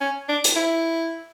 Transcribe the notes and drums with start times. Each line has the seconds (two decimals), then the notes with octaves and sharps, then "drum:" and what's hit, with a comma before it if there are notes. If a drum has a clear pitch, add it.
0.01 C#4
0.29 D4
0.44 drum: hi-hat
0.56 E4